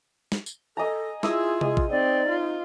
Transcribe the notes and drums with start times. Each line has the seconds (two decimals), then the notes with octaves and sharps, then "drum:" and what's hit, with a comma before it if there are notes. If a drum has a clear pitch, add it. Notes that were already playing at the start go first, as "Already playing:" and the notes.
0.32 drum: snare
0.46 drum: tambourine
0.77 A4 D#5 G#5 A#5
1.23 E4 F4 G#4 D#6 E6, drum: snare
1.61 D#5, drum: tom C3
1.77 drum: kick
1.91 C4 D#4 D5
2.30 F4